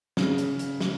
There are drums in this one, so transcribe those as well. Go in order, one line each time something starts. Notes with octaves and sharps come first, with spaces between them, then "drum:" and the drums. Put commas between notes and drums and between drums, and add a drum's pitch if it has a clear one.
C#3, drum: snare
drum: hi-hat
drum: hi-hat
drum: snare